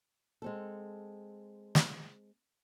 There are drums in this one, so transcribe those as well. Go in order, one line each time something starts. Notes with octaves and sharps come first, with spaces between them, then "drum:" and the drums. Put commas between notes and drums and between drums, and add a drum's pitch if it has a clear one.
G#3 C4 A4
drum: snare